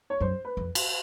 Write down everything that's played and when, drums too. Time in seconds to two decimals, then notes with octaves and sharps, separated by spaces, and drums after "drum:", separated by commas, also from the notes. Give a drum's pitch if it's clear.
0.10 C#5
0.20 F#2 C5
0.45 B4
0.57 F2
0.75 drum: cymbal